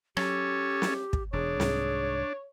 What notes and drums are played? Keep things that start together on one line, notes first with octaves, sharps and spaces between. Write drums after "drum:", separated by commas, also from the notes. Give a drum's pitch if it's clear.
F#3 C#4 G4 A4 C#5, drum: rim click
drum: snare
drum: kick
E1 D4 G#4 C#5
C2 G#2 F#3, drum: snare